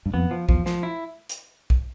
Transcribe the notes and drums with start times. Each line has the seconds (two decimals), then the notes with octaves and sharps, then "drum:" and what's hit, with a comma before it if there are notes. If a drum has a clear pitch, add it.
0.06 G2
0.14 F2 B3
0.31 F3
0.49 E2 F3, drum: kick
0.66 F3, drum: snare
0.83 E4
1.29 drum: hi-hat
1.70 drum: kick